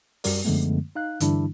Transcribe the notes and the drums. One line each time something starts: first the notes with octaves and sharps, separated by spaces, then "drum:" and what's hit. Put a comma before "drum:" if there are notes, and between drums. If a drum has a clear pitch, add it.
F#2 G3 F#4 A#4 D5, drum: open hi-hat
F#2 D3 F3 G#3 A3 B3
D#4 F5 F#6
G2 D3 E3 G3 D4 E4, drum: hi-hat